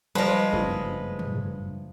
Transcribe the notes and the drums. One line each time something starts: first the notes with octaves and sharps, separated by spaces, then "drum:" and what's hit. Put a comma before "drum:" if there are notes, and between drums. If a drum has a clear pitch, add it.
F3 G3 G#3 A#4 B4
F#1 G2 A3, drum: tom
drum: tom